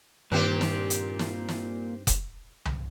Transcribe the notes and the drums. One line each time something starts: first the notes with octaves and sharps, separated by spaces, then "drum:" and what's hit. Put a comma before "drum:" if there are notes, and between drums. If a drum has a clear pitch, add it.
G2 A#2 D#3 C4 G4
drum: snare
drum: hi-hat
drum: snare
drum: snare
drum: kick F1, hi-hat
drum: tom C2